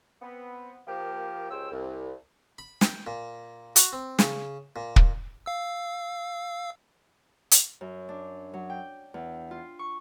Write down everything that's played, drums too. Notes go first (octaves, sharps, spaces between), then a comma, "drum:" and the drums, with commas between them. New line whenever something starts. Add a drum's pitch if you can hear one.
B3 C4
F3 A#3 G4
C#2 G4 C5 C#5 E6
C2
B5
G5, drum: snare
A#2
F#4, drum: hi-hat
C4
C#3, drum: snare
A#2
drum: kick
F5 E6
drum: hi-hat
F#2
D4
F#3
G5
E2
F4
C#6